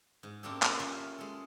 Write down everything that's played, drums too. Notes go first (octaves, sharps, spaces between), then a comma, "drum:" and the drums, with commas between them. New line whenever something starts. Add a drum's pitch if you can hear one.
G#2
F#2 A#3 C4 D4 G4 A4
C4 C#4 F4, drum: clap
C#4 F4 E5 F5
G#3 A4